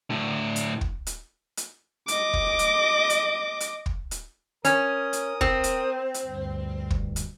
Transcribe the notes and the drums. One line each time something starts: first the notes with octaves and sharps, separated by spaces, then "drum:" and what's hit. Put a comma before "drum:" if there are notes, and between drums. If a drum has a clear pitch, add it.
A2 D3
drum: hi-hat
drum: kick
drum: hi-hat
drum: hi-hat
D#5 D6, drum: hi-hat
drum: kick
drum: hi-hat
drum: hi-hat
drum: hi-hat
drum: kick
drum: hi-hat
C#4 A#4 D#6, drum: hi-hat
drum: hi-hat
C4, drum: kick
drum: hi-hat
drum: hi-hat
D2 G2
drum: kick
drum: hi-hat